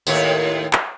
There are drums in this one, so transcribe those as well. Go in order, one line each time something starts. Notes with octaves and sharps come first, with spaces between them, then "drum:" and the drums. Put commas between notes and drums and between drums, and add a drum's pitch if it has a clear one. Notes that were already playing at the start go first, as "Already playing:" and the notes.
D#2 A2 C#5, drum: tambourine
drum: clap